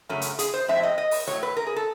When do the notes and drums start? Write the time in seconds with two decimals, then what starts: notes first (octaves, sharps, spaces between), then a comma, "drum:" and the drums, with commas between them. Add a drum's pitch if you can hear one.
0.09 F#2 C#3 F#3 A3 C#4
0.21 drum: hi-hat
0.39 G#4, drum: hi-hat
0.54 C5
0.68 A2 F3 G#3 C4 E5
0.83 D#5
0.98 D#5
1.11 drum: open hi-hat
1.27 A2 F#3 A3 C#5
1.43 B4
1.57 A#4
1.67 G#4
1.76 A4